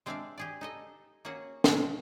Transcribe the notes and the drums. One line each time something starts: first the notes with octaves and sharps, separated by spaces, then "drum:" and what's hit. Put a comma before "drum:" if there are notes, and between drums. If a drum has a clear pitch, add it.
G#3 C4 D4 D5 E5 F5
G4 G#4 D5
D#4 A4 D#5
A#3 C#4 F#4 G#4 F#5
F3 F#4 A#4, drum: snare